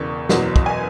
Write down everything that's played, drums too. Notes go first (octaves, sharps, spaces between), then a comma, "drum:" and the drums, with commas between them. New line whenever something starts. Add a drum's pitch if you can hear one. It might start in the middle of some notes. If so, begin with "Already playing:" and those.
Already playing: E1 E2 C#3 C#6
F#1 E2 B2 F#3, drum: snare
drum: kick
G#5